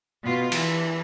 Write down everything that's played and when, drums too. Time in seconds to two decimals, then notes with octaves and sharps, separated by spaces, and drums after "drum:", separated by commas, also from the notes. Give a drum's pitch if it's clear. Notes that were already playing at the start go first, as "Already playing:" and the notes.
0.22 B2 F4
0.52 E3, drum: cymbal